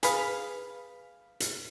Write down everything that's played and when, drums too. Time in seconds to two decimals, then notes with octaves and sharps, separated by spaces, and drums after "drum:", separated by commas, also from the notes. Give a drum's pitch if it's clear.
0.03 G#4 B4 F5, drum: hi-hat
1.40 drum: hi-hat